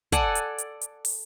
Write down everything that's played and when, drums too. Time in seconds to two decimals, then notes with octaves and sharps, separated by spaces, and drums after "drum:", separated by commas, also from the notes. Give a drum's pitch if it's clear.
0.12 A4 D5 F#5 G#5, drum: kick, hi-hat
0.35 drum: hi-hat
0.59 drum: hi-hat
0.82 drum: hi-hat
1.05 drum: open hi-hat